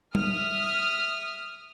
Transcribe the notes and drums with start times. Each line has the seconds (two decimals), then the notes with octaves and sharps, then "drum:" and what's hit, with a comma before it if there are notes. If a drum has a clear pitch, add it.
0.15 E5 D#6 F6, drum: tom G3